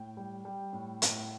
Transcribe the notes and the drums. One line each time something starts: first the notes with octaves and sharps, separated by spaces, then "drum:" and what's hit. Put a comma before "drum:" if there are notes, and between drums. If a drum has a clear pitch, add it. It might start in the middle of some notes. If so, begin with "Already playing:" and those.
Already playing: A2 G5
G3
G3
A2
A2, drum: hi-hat